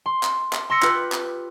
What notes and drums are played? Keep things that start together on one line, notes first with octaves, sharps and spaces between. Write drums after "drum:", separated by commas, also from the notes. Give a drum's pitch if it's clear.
C6
drum: clap
drum: clap
C6 E6 A#6 C#7
F4 G4 B4, drum: clap
drum: clap